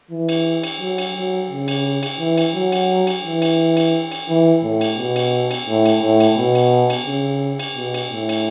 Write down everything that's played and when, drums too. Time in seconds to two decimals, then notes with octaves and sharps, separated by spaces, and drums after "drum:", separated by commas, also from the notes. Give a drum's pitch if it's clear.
0.11 E3
0.29 drum: cymbal
0.63 drum: cymbal
0.81 F#3
0.98 drum: cymbal
1.16 F#3
1.51 C#3
1.68 drum: cymbal
2.03 drum: cymbal
2.19 E3
2.37 drum: cymbal
2.55 F#3
2.72 drum: cymbal
3.07 drum: cymbal
3.25 E3
3.42 drum: cymbal
3.77 drum: cymbal
4.11 drum: cymbal
4.29 E3
4.64 A2
4.81 drum: cymbal
4.99 B2
5.16 drum: cymbal
5.51 drum: cymbal
5.68 A2
5.85 drum: cymbal
6.03 A2
6.20 drum: cymbal
6.38 B2
6.55 drum: cymbal
6.90 drum: cymbal
7.07 C#3
7.59 drum: cymbal
7.76 B2
7.94 drum: cymbal
8.12 A2
8.29 drum: cymbal